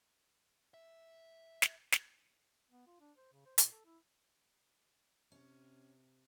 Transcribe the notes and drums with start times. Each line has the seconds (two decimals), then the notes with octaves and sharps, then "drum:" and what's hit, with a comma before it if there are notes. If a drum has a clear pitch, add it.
0.74 E5
1.62 drum: snare
1.92 drum: snare
2.71 B3
2.87 F4
3.00 D4
3.17 C5
3.32 C#3
3.46 C5
3.58 A#2, drum: hi-hat
3.71 A4
3.85 E4
5.32 C3 C#4